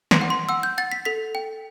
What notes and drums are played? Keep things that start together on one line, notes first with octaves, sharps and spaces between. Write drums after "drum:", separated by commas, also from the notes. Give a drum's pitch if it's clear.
C6, drum: snare
F#5
C6
F#5 E6
G6
F#5 A6
B6
A4 B6
G5